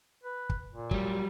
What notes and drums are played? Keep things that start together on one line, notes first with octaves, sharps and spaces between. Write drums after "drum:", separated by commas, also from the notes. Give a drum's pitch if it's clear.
B4
drum: kick
A#2
F#3 G3, drum: kick